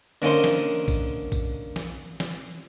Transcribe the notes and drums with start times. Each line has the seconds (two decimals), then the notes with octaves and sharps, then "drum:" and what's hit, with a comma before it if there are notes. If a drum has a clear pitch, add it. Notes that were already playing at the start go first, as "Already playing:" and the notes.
0.22 D3 A#3 C#4 D#4 C5
0.44 drum: snare
0.88 drum: kick A#1, tambourine
1.32 drum: kick A#1, tambourine
1.76 drum: snare
2.20 drum: snare